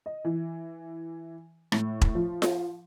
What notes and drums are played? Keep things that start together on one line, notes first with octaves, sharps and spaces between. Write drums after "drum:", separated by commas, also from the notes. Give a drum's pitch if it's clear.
D#5
E3
A2, drum: rim click
drum: kick E1
F3
drum: snare F4